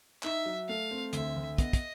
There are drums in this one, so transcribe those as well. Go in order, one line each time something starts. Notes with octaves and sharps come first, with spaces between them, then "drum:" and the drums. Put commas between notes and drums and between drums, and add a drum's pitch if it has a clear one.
D#4 E5, drum: clap
F#3
A3 F5
C4
D2 E5, drum: hi-hat
D2
B3 D#5, drum: kick, hi-hat
drum: kick, hi-hat